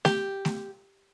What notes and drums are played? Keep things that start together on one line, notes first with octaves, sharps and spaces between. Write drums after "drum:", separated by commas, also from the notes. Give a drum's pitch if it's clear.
G4, drum: snare A3
drum: snare A3